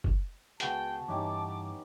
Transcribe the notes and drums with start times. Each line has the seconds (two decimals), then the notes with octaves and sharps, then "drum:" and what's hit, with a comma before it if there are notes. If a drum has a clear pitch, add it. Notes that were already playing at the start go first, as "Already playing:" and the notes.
0.04 drum: kick F#1
0.60 C#2 B3 F#4 G#4 A4 G5 A5, drum: hi-hat
1.08 G2 E3 C#4 D#4 G4 D6